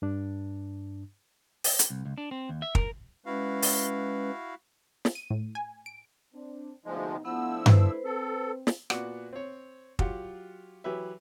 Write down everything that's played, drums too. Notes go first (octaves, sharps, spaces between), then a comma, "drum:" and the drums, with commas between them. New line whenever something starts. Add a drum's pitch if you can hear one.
G2 D4
drum: open hi-hat
drum: hi-hat
C2
C#2
D4
C4
D#2
E5
A#4, drum: kick
G#3 C#4 E4 F#4 B4 F5
drum: open hi-hat
drum: snare
D#7
A2
G#5
D7
C4 D4
D2 C3 F3 G#3 B3 D#4
F3 A3 B3 D4 E4 F#5 E6
B4 C5, drum: tom G2
C4 A4
drum: snare
A#2 B3 F#4 D5 F#5, drum: rim click
C4 C#5
F#3 F4 G4 F#5, drum: kick
E3 F#3 G4 B4 E5